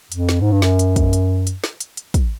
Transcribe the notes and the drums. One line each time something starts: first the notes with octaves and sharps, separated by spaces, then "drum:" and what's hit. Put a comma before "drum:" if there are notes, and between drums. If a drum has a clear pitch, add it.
F2, drum: hi-hat
drum: snare
G#2
G2
F#2, drum: snare
drum: hi-hat
drum: kick, hi-hat
drum: hi-hat
drum: hi-hat
drum: snare
drum: hi-hat
drum: hi-hat
drum: kick, hi-hat